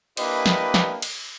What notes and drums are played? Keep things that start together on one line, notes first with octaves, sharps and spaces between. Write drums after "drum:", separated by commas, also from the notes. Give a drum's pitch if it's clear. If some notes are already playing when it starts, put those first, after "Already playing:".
A#3 D4 E4 G4 B4 D#5, drum: cymbal
drum: snare
drum: snare
drum: cymbal